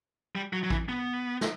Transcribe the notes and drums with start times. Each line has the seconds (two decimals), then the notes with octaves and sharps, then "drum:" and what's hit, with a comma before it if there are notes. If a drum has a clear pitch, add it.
0.35 G3
0.53 F#3
0.64 F#3
0.70 E3, drum: kick
0.89 B3
1.41 drum: snare